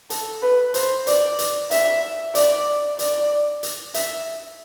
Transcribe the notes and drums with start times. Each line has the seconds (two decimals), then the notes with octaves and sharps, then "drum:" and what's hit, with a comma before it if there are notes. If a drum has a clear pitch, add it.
0.10 A4, drum: hi-hat
0.42 B4
0.74 C5, drum: hi-hat
1.07 D5, drum: hi-hat
1.39 drum: hi-hat
1.71 E5, drum: hi-hat
2.35 D5, drum: hi-hat
2.99 D5, drum: hi-hat
3.63 drum: hi-hat
3.94 E5, drum: hi-hat